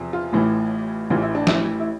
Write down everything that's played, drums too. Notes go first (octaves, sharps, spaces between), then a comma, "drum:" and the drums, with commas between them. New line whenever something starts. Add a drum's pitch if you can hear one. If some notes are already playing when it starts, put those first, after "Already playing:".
Already playing: E2 C3 F3
F4
A1 A2 E3
A1 A2 E3 F4
E4
D4
E4, drum: snare
E4